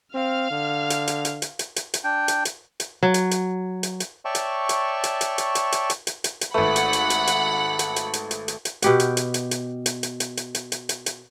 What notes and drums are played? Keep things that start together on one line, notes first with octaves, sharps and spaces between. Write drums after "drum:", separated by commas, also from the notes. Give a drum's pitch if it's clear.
C4 F5 F6
D3
drum: hi-hat
drum: hi-hat
drum: hi-hat
drum: hi-hat
drum: hi-hat
drum: hi-hat
drum: hi-hat
D4 G5
drum: hi-hat
drum: hi-hat
drum: hi-hat
F#3
drum: hi-hat
drum: hi-hat
drum: hi-hat
drum: hi-hat
C#5 D5 E5 G5 A5 C#6
drum: hi-hat
drum: hi-hat
drum: hi-hat
drum: hi-hat
drum: hi-hat
drum: hi-hat
drum: hi-hat
drum: hi-hat
drum: hi-hat
drum: hi-hat
drum: hi-hat
G#1 A3 B4 F#5 B5
drum: hi-hat
drum: hi-hat
drum: hi-hat
drum: hi-hat
drum: hi-hat
drum: hi-hat
drum: hi-hat
drum: hi-hat
drum: hi-hat
drum: hi-hat
B2 G4 F#5, drum: hi-hat
drum: hi-hat
drum: hi-hat
drum: hi-hat
drum: hi-hat
drum: hi-hat
drum: hi-hat
drum: hi-hat
drum: hi-hat
drum: hi-hat
drum: hi-hat
drum: hi-hat
drum: hi-hat